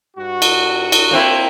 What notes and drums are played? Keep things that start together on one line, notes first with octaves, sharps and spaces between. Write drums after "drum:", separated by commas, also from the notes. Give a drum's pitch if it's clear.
G2 F#4
drum: cymbal
drum: cymbal
A#3 C4 E4